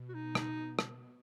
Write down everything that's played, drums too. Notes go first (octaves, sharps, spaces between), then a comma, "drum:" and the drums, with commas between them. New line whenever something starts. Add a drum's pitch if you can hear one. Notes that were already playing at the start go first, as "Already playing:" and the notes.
Already playing: B2
F#4
D#4
drum: rim click
drum: rim click